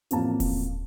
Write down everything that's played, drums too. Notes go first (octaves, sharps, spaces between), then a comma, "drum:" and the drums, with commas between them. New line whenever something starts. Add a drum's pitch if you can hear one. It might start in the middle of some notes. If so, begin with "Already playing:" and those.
A1 F2 A#3 A5, drum: hi-hat
drum: kick D#1, open hi-hat